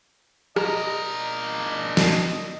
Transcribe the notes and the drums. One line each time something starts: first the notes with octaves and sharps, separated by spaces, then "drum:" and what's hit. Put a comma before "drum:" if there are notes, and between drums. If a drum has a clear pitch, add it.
D4 A#4 D#5, drum: rim click
drum: snare